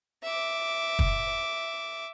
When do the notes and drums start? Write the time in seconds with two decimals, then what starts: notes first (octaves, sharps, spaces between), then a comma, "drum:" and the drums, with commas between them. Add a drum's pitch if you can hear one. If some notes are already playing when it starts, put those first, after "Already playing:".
0.23 E5 D6
0.99 drum: kick